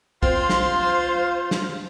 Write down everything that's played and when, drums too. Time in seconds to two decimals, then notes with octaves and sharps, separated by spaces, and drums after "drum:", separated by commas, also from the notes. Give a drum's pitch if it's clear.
0.23 C4 F4 C5 C6, drum: kick
0.50 drum: snare
1.51 drum: snare